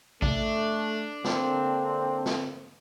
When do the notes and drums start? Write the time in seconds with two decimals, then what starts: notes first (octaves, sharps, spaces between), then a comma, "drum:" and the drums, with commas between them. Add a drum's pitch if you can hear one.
0.22 A3 D4, drum: kick A1
1.24 D3 A#3 C4, drum: snare
2.26 drum: snare